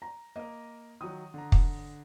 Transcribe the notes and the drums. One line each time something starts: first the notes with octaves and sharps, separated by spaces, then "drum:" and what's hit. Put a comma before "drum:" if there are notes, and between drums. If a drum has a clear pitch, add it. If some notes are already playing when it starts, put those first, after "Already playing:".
A#5
A#3 A#4 D#5
D#3 F#3 D#6
D3 A#5
drum: kick